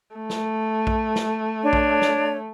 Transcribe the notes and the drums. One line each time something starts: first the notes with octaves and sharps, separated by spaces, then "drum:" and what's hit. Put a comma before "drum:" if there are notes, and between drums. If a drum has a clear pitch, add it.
A3
drum: snare
drum: kick A#1
drum: snare
D4 C#5
drum: kick A#1
drum: snare